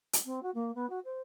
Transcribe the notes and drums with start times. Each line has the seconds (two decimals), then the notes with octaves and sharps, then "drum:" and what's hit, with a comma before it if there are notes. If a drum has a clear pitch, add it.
0.13 drum: hi-hat
0.25 C4
0.42 F#4
0.54 A#3
0.75 B3
0.89 F#4
1.05 C5